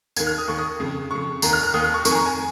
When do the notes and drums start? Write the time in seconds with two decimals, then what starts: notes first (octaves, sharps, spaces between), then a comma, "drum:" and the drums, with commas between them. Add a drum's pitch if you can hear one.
0.16 D#2 D#3 G#6, drum: tambourine
0.27 F6
0.38 D#6
0.48 D#2 D#3 C#6
0.58 D#6
0.80 F2 C#3
1.11 F2 C#3 C#6
1.42 D#2 D#3 A#5, drum: tambourine
1.53 F6
1.63 F6
1.74 D#2 D#3 D#6
1.84 F6
1.94 C#6
2.05 F2 D#3 C#6, drum: tambourine
2.11 G#5
2.15 A#5
2.26 G#5